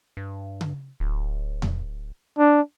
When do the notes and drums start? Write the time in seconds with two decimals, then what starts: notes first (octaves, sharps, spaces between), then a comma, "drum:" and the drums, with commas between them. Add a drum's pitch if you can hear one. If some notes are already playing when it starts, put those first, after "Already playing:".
0.17 G2
0.61 drum: tom C#3
1.00 D1
1.62 drum: tom E2
2.38 D4